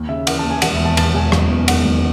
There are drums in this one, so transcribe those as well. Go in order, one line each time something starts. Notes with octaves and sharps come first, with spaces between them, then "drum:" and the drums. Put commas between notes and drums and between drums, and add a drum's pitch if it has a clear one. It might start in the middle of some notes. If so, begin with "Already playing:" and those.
Already playing: D#2
C#3 E5
E3 F#5, drum: cymbal
A5
D#2
G#5
E1 F#5, drum: cymbal
E5
E2
A5
B2 A5, drum: cymbal
E1 G#5
F#1, drum: rim click
E2
D#3 F#5, drum: cymbal
F#1